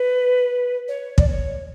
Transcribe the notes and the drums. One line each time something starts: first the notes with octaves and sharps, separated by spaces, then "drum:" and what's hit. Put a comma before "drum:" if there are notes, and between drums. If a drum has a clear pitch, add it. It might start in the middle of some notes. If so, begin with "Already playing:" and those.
Already playing: B4
C#5
D5, drum: kick
C#5